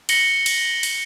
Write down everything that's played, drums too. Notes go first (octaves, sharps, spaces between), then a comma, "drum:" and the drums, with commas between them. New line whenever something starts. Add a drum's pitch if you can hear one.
A#6 C#7 F#7 G7, drum: cymbal
drum: cymbal
drum: cymbal